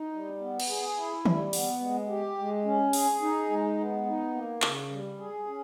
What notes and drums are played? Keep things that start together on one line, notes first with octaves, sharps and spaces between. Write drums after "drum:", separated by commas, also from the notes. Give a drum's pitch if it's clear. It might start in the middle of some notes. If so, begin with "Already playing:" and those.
Already playing: D#4
G3
B3
drum: cymbal
G#4
E4
G3, drum: tom D#3
B3, drum: open hi-hat
G#3
G4
G#3
C#4
G#4, drum: open hi-hat
D#4
G#3
B3
D#4
A#3
C#3, drum: clap
G3
G#4
C#4